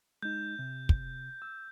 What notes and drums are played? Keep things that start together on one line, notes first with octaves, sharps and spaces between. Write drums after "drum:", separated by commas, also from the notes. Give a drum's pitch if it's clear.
G#3 D#4 G6
C3
drum: kick
E6